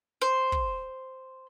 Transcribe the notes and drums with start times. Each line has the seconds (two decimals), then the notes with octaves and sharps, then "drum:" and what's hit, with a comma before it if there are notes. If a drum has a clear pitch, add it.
0.22 C5
0.52 drum: kick